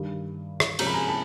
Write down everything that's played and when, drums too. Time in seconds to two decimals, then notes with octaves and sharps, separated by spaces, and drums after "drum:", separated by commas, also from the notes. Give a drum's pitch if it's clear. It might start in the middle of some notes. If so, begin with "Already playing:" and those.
Already playing: G2 D#3 G3
0.60 drum: rim click
0.79 C3 F3 G#3 C#4 A#5, drum: cymbal
0.87 B5
0.94 G#5 A#5
1.08 A5 B5